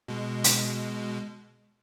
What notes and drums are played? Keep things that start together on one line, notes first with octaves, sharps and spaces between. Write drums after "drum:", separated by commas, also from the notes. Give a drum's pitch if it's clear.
B2 G#3
drum: hi-hat